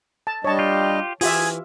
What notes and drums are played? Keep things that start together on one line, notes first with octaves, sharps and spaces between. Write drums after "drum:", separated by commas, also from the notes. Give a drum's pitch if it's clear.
A5
G3 D4 C#5 D#5 A5
F4 G4
E3 F4 G4 G#4 E5, drum: open hi-hat